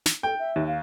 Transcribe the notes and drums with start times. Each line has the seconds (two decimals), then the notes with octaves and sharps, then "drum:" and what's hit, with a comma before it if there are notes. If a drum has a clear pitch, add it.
0.06 drum: snare
0.23 A4 G5
0.39 E5
0.56 D#2
0.67 F5